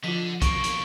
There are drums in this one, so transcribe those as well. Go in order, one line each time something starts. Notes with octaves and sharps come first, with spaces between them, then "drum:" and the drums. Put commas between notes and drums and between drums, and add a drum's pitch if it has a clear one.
D3 F3 F4 B6
B2 A#3 C#6 D7, drum: kick, hi-hat
drum: hi-hat